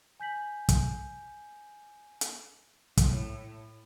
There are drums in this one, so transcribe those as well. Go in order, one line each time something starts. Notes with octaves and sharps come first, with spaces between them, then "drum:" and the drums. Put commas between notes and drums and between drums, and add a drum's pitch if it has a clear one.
G#5 G6 B6 F#7
drum: kick, hi-hat
drum: hi-hat
A2, drum: kick, hi-hat